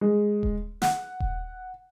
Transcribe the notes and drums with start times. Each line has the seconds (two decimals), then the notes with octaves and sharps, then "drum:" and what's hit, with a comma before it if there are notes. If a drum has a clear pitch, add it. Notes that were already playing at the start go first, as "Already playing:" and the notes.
0.01 G#3
0.43 drum: kick D#1
0.82 F#5, drum: snare
1.20 drum: kick D#1